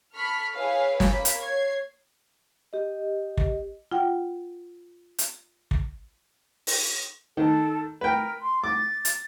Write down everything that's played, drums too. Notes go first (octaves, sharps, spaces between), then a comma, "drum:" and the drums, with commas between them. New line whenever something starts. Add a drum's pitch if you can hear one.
A4 B5 C#6 F6
E4 G#4 B4 C#5 F5
A#3 B5, drum: snare
drum: hi-hat
C#5 G#6 C7
G4 D#5
drum: kick
F4 F#5 G5
drum: hi-hat
drum: kick
drum: open hi-hat
D#3 A4
A#4 B4 G5
C6
D6 A6
drum: hi-hat